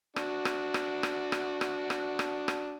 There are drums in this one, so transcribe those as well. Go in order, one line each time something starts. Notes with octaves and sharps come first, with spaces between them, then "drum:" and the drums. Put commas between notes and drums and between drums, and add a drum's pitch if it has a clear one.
D4 F#4, drum: rim click
drum: rim click
drum: rim click
drum: rim click
drum: rim click
drum: rim click
drum: rim click
drum: rim click
drum: rim click